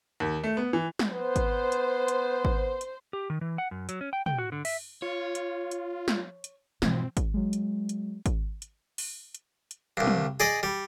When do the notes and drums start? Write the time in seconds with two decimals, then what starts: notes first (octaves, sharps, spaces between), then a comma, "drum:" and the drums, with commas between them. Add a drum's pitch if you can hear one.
0.20 D#2
0.44 A3
0.57 B3
0.73 E3
0.99 drum: snare
1.12 B3 C5
1.36 drum: kick G#1, hi-hat
1.72 drum: hi-hat
2.08 drum: hi-hat
2.45 drum: kick G#1
2.81 drum: hi-hat
3.13 G4
3.30 D#3
3.41 E3
3.58 F#5
3.71 F#2
3.89 F#3, drum: hi-hat
4.01 C#4
4.13 G5
4.26 G5, drum: tom
4.38 F#4
4.52 D3
4.65 E5, drum: open hi-hat
5.02 F4 C#5
5.35 drum: hi-hat
5.71 drum: hi-hat
6.08 drum: snare
6.44 drum: hi-hat
6.82 G#2 B2 E3 F3 C4, drum: snare
7.17 drum: kick G#1, hi-hat
7.34 F#3 G#3
7.53 drum: hi-hat
7.89 drum: hi-hat
8.26 drum: kick G#1, hi-hat
8.62 drum: hi-hat
8.98 drum: open hi-hat
9.35 drum: hi-hat
9.71 drum: hi-hat
9.97 C2 G2
10.07 drum: tom
10.40 G#4 D5 D#5
10.63 G3